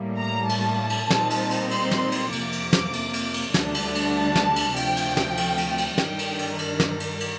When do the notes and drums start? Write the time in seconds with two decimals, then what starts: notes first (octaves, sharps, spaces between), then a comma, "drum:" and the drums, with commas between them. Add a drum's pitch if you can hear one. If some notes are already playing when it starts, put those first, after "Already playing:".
Already playing: A2 G3 A#3
0.18 A#5
0.49 A5, drum: cymbal
0.90 drum: cymbal
1.10 A#2 G3 C4 D#4, drum: snare
1.30 drum: cymbal
1.51 drum: cymbal
1.71 C6, drum: cymbal
1.91 drum: snare
2.12 drum: cymbal
2.32 F2 C3 F3 A#3 D6, drum: cymbal
2.52 drum: cymbal
2.73 drum: snare
2.93 drum: cymbal
3.13 drum: cymbal
3.34 drum: cymbal
3.54 D2 D3 G3 D4, drum: snare
3.74 drum: cymbal
3.95 drum: cymbal
4.15 A5
4.35 drum: snare
4.56 drum: cymbal
4.76 D2 C3 F3 G5, drum: cymbal
4.97 drum: cymbal
5.17 drum: snare
5.37 drum: cymbal
5.58 drum: cymbal
5.78 drum: cymbal
5.98 G2 D#3 G3 D4 G5, drum: snare
6.19 drum: cymbal
6.39 drum: cymbal
6.59 A#4, drum: cymbal
6.80 drum: snare
7.00 drum: cymbal
7.20 drum: cymbal